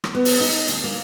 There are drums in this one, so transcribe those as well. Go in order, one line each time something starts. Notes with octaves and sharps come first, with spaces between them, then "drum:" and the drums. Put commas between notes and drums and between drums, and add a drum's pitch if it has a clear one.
drum: rim click
B3
drum: open hi-hat
D#4
D2, drum: hi-hat
A#3